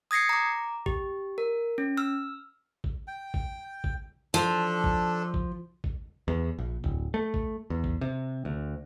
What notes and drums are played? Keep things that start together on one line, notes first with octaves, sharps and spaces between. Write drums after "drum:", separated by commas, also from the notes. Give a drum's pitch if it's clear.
D#6 G#6 A#6 C7 C#7
A#5 D6
G4, drum: kick
A#4
C#4
E6 F6
drum: kick
G5
drum: kick
drum: kick
F3 D4 A4
drum: kick
drum: kick
drum: kick
E2
A#1
D1, drum: kick
A3
drum: kick
E2
drum: kick
C3
D2